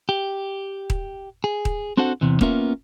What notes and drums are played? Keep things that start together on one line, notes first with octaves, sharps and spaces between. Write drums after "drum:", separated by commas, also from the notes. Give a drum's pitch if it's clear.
G4
drum: kick D#1
G#4
drum: kick D#1
C4 D4 F#4 A4 C5 F#5
E2 C3 E3
A#3 B3 C#4 F4 A#4 E5, drum: kick D#1